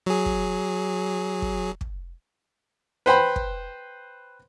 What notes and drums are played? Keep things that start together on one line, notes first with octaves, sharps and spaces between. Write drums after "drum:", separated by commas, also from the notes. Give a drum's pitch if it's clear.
F#3 G#4
drum: kick
drum: kick
drum: kick
B4 C5 G5 B5
drum: kick